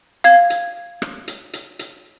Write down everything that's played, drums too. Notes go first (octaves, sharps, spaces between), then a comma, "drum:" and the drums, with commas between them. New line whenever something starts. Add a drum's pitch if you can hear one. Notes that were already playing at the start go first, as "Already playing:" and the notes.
F5 G#6, drum: hi-hat
drum: hi-hat
drum: rim click
drum: hi-hat
drum: hi-hat
drum: hi-hat